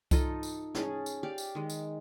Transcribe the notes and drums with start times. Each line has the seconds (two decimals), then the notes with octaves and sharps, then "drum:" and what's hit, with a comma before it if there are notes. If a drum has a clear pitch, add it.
0.11 D#4 F4 A4 D#5, drum: kick C2, tambourine
0.43 drum: tambourine
0.75 C#4 G#4 A5, drum: snare
1.06 drum: tambourine
1.23 G4 D5 F5
1.38 drum: tambourine
1.55 D#3 G#3
1.70 drum: tambourine